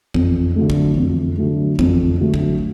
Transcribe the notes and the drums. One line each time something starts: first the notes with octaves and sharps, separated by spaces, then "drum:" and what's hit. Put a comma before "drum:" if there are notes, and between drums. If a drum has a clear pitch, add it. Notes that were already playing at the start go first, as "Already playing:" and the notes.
F2, drum: kick
D3 F#3 A3
drum: kick
F2
D3 F#3 A3
F2, drum: kick
D3 F#3 A3
drum: kick